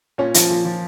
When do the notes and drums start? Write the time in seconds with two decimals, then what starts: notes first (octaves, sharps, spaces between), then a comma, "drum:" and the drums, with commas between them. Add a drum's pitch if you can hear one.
0.18 A#2 C#4
0.34 F3, drum: hi-hat
0.50 A#2
0.65 F3